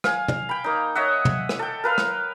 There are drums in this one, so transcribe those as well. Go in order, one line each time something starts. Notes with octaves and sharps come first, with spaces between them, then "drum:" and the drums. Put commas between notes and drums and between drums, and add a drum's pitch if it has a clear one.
F5 G#5, drum: rim click
drum: tom
G5 B5
A#3 D#4
C#5 D#5 E5 F#5
drum: tom
drum: rim click
A4 G5
A#4 B4 F5
drum: rim click